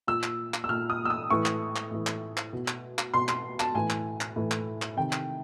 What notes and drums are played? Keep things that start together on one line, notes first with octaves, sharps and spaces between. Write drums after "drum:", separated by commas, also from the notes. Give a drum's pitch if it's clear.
A#2 E6
drum: clap
drum: clap
E6
A#2 F6
D#6
E6
D#6
A2 E3 C#6
drum: clap
drum: clap
A2 E3
drum: clap
drum: clap
B2
drum: clap
drum: clap
B2 C6
C6, drum: clap
A5, drum: clap
A2 E3 G#5
drum: clap
drum: clap
A2 E3
drum: clap
drum: clap
C3 D#3 G5
drum: clap